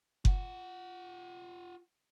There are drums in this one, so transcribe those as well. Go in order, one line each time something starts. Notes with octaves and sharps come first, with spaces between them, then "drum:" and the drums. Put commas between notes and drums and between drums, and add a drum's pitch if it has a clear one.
F4 F#5, drum: kick F#1